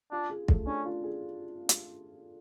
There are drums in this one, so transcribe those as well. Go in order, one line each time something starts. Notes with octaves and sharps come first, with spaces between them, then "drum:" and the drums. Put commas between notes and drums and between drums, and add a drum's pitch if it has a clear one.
D4 F4
G#4
A3, drum: kick
C#4 D4
F4
G#4
drum: hi-hat